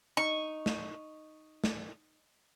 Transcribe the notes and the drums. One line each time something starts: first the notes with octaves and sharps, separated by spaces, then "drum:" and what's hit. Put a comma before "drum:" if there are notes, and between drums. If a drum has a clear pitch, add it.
D#4 C#6
drum: snare
drum: snare